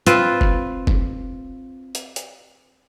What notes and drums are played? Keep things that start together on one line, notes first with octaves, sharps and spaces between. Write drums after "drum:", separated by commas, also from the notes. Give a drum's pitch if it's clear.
C4 F4 B4, drum: hi-hat
drum: kick
drum: kick
drum: hi-hat
drum: hi-hat